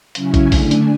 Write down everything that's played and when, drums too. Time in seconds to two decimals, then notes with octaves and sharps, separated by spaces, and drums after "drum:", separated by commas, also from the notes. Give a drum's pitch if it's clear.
0.15 C#3 F#3 C#4 E4 G#5, drum: hi-hat
0.34 drum: kick, hi-hat
0.52 D3 A3 D4 G#5, drum: kick, open hi-hat
0.71 drum: hi-hat